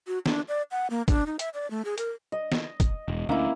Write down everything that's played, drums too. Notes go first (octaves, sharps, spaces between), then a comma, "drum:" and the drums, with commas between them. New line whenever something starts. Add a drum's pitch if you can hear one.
F#4
D4, drum: snare
D5
F#5
A#3
D4, drum: kick, hi-hat
D#4
E5, drum: hi-hat
D5
A3
G#4
A#4, drum: hi-hat
D#5
drum: snare
drum: kick, hi-hat
E1
D2 A#3 C#4 E4